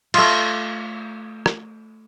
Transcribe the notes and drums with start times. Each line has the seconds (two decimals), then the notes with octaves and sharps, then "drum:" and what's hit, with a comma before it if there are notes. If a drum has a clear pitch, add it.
0.14 A3 F4, drum: cymbal
1.46 drum: rim click